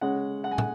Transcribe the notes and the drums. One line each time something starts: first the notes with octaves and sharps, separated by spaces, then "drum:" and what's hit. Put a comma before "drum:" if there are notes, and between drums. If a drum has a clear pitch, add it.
C#3 G#3 C#4 F#5
F#5
G#5
F#5, drum: tom